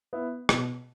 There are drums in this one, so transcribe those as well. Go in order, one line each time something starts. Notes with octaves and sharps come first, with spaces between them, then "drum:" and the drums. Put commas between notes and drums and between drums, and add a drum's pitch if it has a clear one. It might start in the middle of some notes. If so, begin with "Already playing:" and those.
B3 E4
B2, drum: rim click